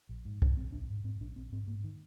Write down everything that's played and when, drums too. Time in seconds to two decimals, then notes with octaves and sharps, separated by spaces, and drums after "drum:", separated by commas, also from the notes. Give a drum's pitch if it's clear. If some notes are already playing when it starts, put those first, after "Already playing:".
0.09 A#1
0.25 G#2
0.42 G#2 D4, drum: kick C2
0.57 A#1 C4
0.72 A#1 D4
0.89 G#2
1.04 G#2 C4
1.21 A#1 D4
1.36 A#1 C4
1.52 G#2 C4
1.67 G#2 A#3
1.84 D#3